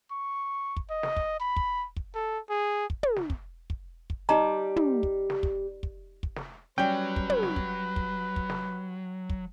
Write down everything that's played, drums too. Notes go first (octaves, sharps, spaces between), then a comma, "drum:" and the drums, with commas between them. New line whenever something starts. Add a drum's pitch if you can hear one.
C#6
drum: kick
D#5
drum: snare
drum: kick
B5
drum: kick
drum: kick
A4
G#4
drum: kick
drum: tom
drum: snare
drum: kick
drum: kick
drum: kick
G3 D#4 D#5 A#5
drum: tom
drum: kick
drum: snare
drum: kick
drum: kick
drum: kick
drum: snare
F#3 G3 C#4 B4 G5
drum: kick
drum: tom
drum: snare
drum: kick
drum: kick
drum: kick
drum: snare
drum: kick